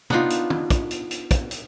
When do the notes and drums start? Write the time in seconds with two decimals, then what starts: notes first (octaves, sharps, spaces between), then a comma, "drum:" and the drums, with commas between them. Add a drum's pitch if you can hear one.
0.10 B3 D4 D#4 F4, drum: tom
0.30 drum: hi-hat
0.50 drum: tom
0.70 drum: kick, hi-hat
0.91 drum: hi-hat
1.11 drum: hi-hat
1.31 drum: kick, hi-hat
1.51 drum: hi-hat